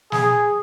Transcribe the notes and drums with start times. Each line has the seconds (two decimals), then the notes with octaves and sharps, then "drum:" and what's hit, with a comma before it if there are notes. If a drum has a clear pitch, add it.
0.12 G#4, drum: snare